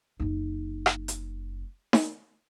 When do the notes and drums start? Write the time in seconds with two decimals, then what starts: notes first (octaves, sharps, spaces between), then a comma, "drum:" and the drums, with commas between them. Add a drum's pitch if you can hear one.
0.20 F#1 D#4
0.86 drum: rim click
1.08 drum: hi-hat
1.93 drum: snare D#4